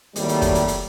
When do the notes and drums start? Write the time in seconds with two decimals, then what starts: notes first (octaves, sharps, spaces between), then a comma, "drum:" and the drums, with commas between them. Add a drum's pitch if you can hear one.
0.16 G#1 D#2 A2 F#3 G3, drum: hi-hat
0.29 drum: hi-hat
0.42 drum: kick, hi-hat
0.55 drum: hi-hat
0.68 drum: hi-hat